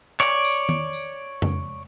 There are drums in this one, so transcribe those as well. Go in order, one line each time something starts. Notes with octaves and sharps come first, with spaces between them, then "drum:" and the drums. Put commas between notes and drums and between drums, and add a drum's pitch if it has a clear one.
C#5 D5, drum: clap
drum: tambourine
drum: tom D#3
drum: tambourine
drum: tom F2